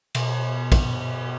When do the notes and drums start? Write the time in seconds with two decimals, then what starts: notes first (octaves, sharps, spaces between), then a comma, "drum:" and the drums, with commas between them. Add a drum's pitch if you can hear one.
0.15 B2, drum: cymbal
0.72 drum: kick, cymbal